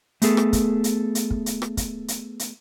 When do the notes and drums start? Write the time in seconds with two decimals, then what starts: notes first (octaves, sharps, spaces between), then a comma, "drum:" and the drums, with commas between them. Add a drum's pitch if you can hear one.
0.22 A3 B3 G#4 A4, drum: hi-hat
0.37 drum: rim click
0.53 drum: kick, hi-hat
0.84 drum: hi-hat
1.15 drum: hi-hat
1.31 drum: kick
1.46 drum: hi-hat
1.62 drum: rim click
1.77 drum: kick, hi-hat
2.08 drum: hi-hat
2.39 drum: hi-hat